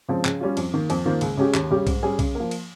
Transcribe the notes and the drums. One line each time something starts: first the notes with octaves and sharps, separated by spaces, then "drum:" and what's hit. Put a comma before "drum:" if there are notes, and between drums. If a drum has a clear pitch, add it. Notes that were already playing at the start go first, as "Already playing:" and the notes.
C#3 F3 G#3 C4
C#3, drum: clap
G3 C#4 F4
F2, drum: cymbal
D#3 A#3
F2, drum: cymbal
D#3 A#3 F4 C5
C#2, drum: cymbal
C#3 G#3 C#4 G4
D#2, drum: clap
C#3 G3 C#4 G4
G#2, drum: kick B1, cymbal
G3 C#4 G#4
C#3, drum: kick B1, cymbal
A#3
F3
drum: cymbal